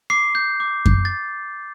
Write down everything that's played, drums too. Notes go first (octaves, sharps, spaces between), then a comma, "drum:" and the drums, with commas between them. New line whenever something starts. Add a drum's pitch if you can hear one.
D6 C7
G6
D6
G6, drum: kick F#2
A6